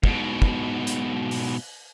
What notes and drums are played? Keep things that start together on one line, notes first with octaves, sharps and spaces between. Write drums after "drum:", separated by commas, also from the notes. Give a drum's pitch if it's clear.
G#2 B2, drum: kick
drum: kick
drum: hi-hat
drum: open hi-hat